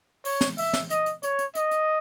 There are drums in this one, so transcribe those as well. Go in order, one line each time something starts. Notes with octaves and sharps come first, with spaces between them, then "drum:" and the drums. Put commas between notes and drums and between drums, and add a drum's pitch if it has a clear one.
C#5, drum: open hi-hat
drum: snare
E5, drum: open hi-hat
drum: snare
D#5, drum: hi-hat
drum: hi-hat
C#5, drum: hi-hat
drum: hi-hat
D#5, drum: hi-hat
drum: hi-hat